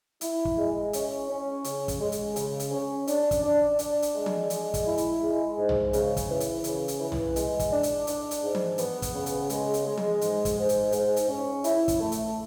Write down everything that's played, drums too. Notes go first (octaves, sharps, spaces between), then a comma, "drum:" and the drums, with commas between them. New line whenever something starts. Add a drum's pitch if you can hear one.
E4, drum: hi-hat
drum: kick
G#3
C#4, drum: hi-hat
C#4
C#3, drum: hi-hat
drum: kick, hi-hat
G#3
drum: hi-hat
C#3, drum: hi-hat
drum: hi-hat
C#4
D4, drum: hi-hat
drum: kick, hi-hat
D4
D4, drum: hi-hat
drum: hi-hat
G#3
drum: tom E3
G#3, drum: hi-hat
drum: kick, hi-hat
E4
drum: hi-hat
G#3
G#2
drum: tom
C#3, drum: hi-hat
drum: kick, hi-hat
E3
drum: hi-hat
C#3, drum: hi-hat
drum: hi-hat
E3
drum: tom
G#3, drum: hi-hat
drum: kick, hi-hat
D4
drum: hi-hat
D4, drum: hi-hat
drum: hi-hat
G#2
drum: tom E3
B3, drum: hi-hat
drum: kick, hi-hat
C#3
drum: hi-hat
G#3, drum: hi-hat
drum: hi-hat
G#3
drum: tom E3
G#2, drum: hi-hat
drum: kick, hi-hat
G#2
drum: hi-hat
G#2, drum: hi-hat
drum: hi-hat
C#4
E4, drum: hi-hat
drum: kick, hi-hat
A3
drum: hi-hat